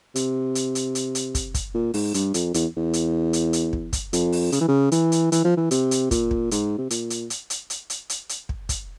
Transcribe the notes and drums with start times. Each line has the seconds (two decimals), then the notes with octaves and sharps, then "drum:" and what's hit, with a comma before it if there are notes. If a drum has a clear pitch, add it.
0.15 C3, drum: hi-hat
0.55 drum: hi-hat
0.75 drum: hi-hat
0.95 drum: hi-hat
1.15 drum: hi-hat
1.35 drum: kick, hi-hat
1.54 drum: kick, hi-hat
1.75 A#2
1.94 G#2, drum: open hi-hat
2.14 G2, drum: hi-hat
2.34 F2, drum: hi-hat
2.54 E2, drum: hi-hat
2.77 E2
2.93 drum: hi-hat
3.33 drum: hi-hat
3.53 drum: hi-hat
3.73 drum: kick
3.93 drum: kick, hi-hat
4.13 F2, drum: hi-hat
4.32 drum: open hi-hat
4.52 C#3, drum: hi-hat
4.61 E3
4.68 C#3
4.92 E3, drum: hi-hat
5.12 drum: hi-hat
5.32 E3, drum: hi-hat
5.44 F3
5.57 E3
5.71 C3, drum: hi-hat
5.91 drum: hi-hat
6.11 A#2, drum: kick, hi-hat
6.31 drum: kick
6.51 G#2, drum: hi-hat
6.78 C3
6.90 A#2, drum: hi-hat
7.10 drum: hi-hat
7.30 drum: hi-hat
7.50 drum: hi-hat
7.70 drum: hi-hat
7.90 drum: hi-hat
8.09 drum: hi-hat
8.29 drum: hi-hat
8.49 drum: kick
8.69 drum: kick, hi-hat